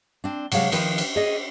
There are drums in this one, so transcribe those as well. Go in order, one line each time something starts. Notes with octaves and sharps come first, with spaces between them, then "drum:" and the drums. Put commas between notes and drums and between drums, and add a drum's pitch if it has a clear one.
C4 D4
C3 F#3 G#3 F5, drum: cymbal
D#3 F3 E4 B4, drum: cymbal
drum: cymbal
G#4 D#5